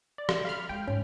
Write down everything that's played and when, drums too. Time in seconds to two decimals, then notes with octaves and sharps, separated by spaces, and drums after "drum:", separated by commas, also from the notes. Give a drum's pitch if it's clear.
0.18 D5
0.29 drum: rim click
0.45 F5 B5 F6
0.69 G#3 G5
0.87 G#2 C#4